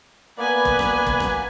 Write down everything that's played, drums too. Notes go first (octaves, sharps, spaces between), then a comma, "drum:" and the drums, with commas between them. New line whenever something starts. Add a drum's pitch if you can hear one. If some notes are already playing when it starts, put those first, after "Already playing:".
A#3 B3 B4 D5 G#5
drum: kick
drum: rim click
drum: kick
drum: rim click